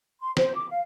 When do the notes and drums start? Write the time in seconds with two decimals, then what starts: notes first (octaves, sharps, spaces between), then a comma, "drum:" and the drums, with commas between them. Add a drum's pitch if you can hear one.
0.21 C6
0.37 C5, drum: snare
0.55 D6
0.70 F5